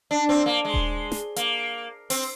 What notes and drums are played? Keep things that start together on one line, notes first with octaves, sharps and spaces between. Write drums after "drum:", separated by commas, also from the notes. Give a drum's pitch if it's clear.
D4
C4
A#3
G#3
drum: kick D#1
drum: snare
A#3, drum: hi-hat
C4, drum: open hi-hat